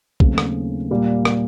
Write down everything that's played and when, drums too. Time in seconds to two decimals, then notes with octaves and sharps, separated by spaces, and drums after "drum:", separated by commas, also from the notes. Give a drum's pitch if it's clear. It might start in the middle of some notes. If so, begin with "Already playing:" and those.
0.20 D#2 C#3 F#3 A3 C4, drum: kick
0.38 drum: rim click
0.91 A#2 G3 A#3
1.25 drum: rim click